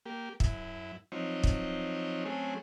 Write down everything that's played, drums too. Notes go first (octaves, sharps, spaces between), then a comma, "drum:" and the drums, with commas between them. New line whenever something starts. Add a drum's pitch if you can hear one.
A#3 G4
F#2 E4, drum: kick
F3 F#3 C4 D#4 C#5
drum: kick
F#3 A3 C4 C#4 G#4